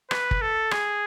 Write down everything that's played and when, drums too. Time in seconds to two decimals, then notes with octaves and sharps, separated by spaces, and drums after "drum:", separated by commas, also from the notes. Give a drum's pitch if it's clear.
0.11 B4, drum: rim click
0.31 drum: kick
0.41 A4
0.71 G#4, drum: rim click